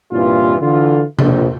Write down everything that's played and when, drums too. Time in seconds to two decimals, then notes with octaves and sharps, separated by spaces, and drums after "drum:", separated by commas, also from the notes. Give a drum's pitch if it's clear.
0.12 C2 G2 A#2 C#3 E3 F4
0.61 D3 E3 F4
1.19 A#1 F2, drum: tom C3